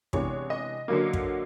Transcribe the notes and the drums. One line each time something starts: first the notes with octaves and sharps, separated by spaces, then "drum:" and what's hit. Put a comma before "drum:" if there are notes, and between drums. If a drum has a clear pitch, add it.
C3 E3 G#3 B3 D4 C#5, drum: kick
D#5
D3 F#3 A#3
drum: kick